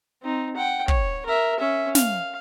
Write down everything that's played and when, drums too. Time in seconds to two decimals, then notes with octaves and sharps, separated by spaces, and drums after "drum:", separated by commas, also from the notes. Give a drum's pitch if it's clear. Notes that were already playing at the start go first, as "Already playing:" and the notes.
0.22 C4 D#4
0.56 F#5 G5
0.88 C#5, drum: kick
1.26 A#4 E5
1.59 C#4 E5
1.95 F5, drum: snare